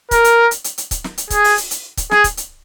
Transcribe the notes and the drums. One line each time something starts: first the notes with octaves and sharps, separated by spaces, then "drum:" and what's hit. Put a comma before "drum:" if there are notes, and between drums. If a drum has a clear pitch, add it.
A#4, drum: kick C#1, hi-hat
drum: hi-hat
drum: hi-hat
drum: hi-hat
drum: hi-hat
drum: kick C#1, hi-hat
drum: snare
drum: hi-hat
G#4, drum: kick C#1, hi-hat
drum: open hi-hat
drum: hi-hat
drum: hi-hat
drum: kick C#1, hi-hat
G#4, drum: snare
drum: kick C#1, hi-hat
drum: hi-hat